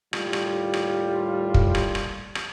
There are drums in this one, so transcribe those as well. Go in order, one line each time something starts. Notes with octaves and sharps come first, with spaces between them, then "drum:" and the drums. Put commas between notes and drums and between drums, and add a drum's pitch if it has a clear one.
D#2 A2 G3 F4, drum: rim click
drum: rim click
drum: rim click
drum: kick
drum: rim click
drum: rim click
drum: rim click